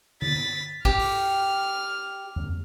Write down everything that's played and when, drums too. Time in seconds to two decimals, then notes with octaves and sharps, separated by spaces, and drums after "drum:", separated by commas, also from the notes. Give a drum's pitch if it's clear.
0.22 A6 B6, drum: tom D3
0.85 G4 F6, drum: kick
0.99 drum: open hi-hat
2.36 drum: tom F2